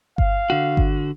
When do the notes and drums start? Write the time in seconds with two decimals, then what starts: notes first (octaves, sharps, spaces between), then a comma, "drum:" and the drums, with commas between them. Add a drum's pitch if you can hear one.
0.18 F5, drum: kick G1
0.50 D3 F#4
0.77 drum: kick G1